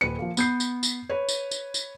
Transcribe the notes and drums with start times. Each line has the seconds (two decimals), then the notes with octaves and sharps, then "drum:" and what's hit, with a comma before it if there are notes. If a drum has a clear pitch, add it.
0.01 D#1 B4 C#7
0.19 F3 A#3
0.37 B3 G6 C7, drum: tambourine
0.60 drum: tambourine
0.83 drum: tambourine
1.10 B4 C#5
1.29 drum: tambourine
1.51 drum: tambourine
1.74 drum: tambourine